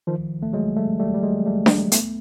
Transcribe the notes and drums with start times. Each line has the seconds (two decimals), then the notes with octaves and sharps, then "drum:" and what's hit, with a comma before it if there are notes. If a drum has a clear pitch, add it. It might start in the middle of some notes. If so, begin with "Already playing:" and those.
0.07 D#3 F3
0.42 A3
0.53 F#3 G#3
0.77 G3 A3
0.99 G3 A3
1.14 G3
1.22 F#3 G#3
1.46 G3 A3
1.66 drum: snare D4
1.92 A3 B3, drum: hi-hat